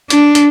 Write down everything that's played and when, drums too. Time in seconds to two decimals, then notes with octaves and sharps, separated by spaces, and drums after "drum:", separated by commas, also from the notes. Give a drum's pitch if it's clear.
0.10 D4, drum: hi-hat
0.35 drum: hi-hat